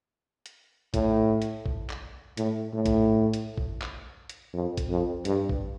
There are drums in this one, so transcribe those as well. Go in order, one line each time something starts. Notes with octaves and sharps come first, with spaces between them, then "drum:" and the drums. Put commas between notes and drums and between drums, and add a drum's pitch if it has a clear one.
drum: hi-hat
A2, drum: kick A1, hi-hat
drum: hi-hat
drum: kick A1
drum: clap
A2, drum: hi-hat
A2
drum: kick A1, hi-hat
drum: hi-hat
drum: kick A1
drum: clap
drum: hi-hat
F2
drum: kick A1, hi-hat
F2
G2, drum: hi-hat
drum: kick A1